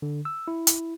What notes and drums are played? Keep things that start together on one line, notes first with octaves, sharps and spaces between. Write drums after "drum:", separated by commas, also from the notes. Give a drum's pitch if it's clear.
D3
E6
E4
drum: hi-hat